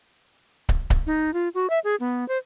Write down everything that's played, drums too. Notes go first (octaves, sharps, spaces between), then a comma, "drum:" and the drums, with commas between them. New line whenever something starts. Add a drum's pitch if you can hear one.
drum: kick
drum: kick
D#4
F4
F#4
E5
G#4
B3
C5